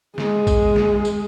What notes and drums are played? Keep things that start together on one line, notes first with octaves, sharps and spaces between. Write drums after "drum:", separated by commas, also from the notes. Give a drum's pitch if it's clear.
G#3, drum: snare
drum: kick A#1, tambourine
drum: snare
drum: tambourine